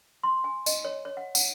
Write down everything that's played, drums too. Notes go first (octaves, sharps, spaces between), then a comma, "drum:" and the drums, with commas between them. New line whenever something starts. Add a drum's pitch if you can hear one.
C6
G#5
D#5, drum: tambourine
C#5
C#5
F#5
F#5, drum: tambourine